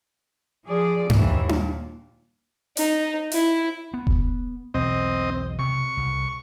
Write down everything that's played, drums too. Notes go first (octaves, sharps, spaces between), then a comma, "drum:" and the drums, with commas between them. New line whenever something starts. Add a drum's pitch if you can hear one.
F3 G#4 D5
D#2 E3, drum: tom G2
A#2, drum: tom D4
D#4, drum: hi-hat
E4, drum: hi-hat
B3
drum: kick E1
B1 E2 C4 D#5
C3 C#6
C2